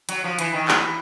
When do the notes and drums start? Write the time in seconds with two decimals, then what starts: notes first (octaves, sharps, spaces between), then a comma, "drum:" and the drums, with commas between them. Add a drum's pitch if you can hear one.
0.09 F#3, drum: hi-hat
0.24 F3
0.39 E3, drum: hi-hat
0.53 D#3
0.68 E3, drum: clap